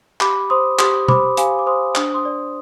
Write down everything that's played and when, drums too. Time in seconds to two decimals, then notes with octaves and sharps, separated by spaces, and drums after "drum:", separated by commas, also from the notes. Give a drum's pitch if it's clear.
0.21 G4 B5 D6, drum: clap
0.50 C5 C6 D#6
0.79 G4 C6 D#6, drum: clap
1.08 C5 B5 D6, drum: tom B2
1.37 G4 F5 G#5, drum: hi-hat
1.59 D6
1.67 C5 C6 D#6
1.95 D4 D#6, drum: clap
2.14 C6 D#6
2.25 D5